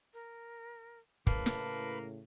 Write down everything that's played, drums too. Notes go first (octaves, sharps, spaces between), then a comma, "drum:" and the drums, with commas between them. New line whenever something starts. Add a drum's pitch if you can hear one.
A#4
A2 C#3 A#3 B4 A5, drum: kick
drum: snare